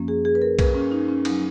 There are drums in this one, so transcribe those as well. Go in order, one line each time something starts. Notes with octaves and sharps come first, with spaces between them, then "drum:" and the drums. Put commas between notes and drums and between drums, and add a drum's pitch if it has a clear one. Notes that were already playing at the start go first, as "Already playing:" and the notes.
Already playing: F#2 F3 A#3 C#4
G#4
G#4
B4
A#4
B4, drum: kick B1, cymbal
C#4
D#4
C#4
F#3 C#4 D#4, drum: cymbal